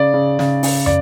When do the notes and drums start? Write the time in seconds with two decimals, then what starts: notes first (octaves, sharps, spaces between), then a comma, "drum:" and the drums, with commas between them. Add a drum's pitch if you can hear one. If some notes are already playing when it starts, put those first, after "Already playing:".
Already playing: C#3 D5
0.14 C#3
0.39 C#3, drum: snare
0.63 C#3, drum: open hi-hat
0.86 D5, drum: tom